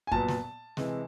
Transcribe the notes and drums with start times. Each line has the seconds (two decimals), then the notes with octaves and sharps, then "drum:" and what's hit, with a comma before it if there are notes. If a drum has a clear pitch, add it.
0.07 G#5
0.12 A#2 F#3 B3 A5, drum: kick F#2
0.28 drum: snare
0.77 C3 E3 G#3, drum: snare